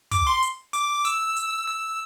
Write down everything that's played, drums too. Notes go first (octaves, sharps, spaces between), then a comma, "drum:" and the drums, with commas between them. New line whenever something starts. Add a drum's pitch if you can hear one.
D6, drum: kick, hi-hat
C6
drum: hi-hat
D6, drum: hi-hat
E6, drum: hi-hat
drum: hi-hat
E6